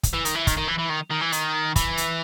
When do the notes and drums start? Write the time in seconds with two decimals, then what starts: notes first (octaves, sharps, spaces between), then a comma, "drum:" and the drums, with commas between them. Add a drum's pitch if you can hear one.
0.03 drum: kick, hi-hat
0.14 E3
0.25 D#3, drum: hi-hat
0.35 E3
0.47 D#3, drum: kick, hi-hat
0.57 D#3
0.68 E3
0.79 E3
0.90 D#3
1.11 D#3
1.21 E3
1.32 D#3, drum: hi-hat
1.76 E3, drum: kick, hi-hat
1.97 drum: hi-hat